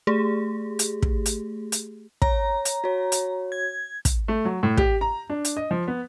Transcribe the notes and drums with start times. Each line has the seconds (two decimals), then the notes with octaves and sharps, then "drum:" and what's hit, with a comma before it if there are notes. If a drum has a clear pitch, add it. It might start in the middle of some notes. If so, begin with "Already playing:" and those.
0.07 A3 G4 G#4
0.79 drum: hi-hat
1.02 drum: kick
1.26 drum: hi-hat
1.72 drum: hi-hat
2.22 C#5 A#5, drum: kick
2.65 drum: hi-hat
2.84 F#4 C#5
3.12 drum: hi-hat
3.52 G#6
4.05 drum: kick, hi-hat
4.28 A3
4.45 F#3
4.63 A2
4.77 G4, drum: kick
5.01 A#5
5.30 D4
5.45 drum: hi-hat
5.57 D#5
5.71 F3
5.88 B3